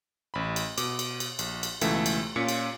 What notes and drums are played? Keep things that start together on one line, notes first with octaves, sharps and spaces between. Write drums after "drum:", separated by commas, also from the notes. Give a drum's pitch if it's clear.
A1 B5
drum: cymbal
B2 D6, drum: cymbal
drum: cymbal
drum: cymbal
A#1, drum: cymbal
drum: cymbal
C#2 B2 E3 A3 A4 E5, drum: cymbal
drum: cymbal
A#2 C#4 F4 B6 C#7
drum: cymbal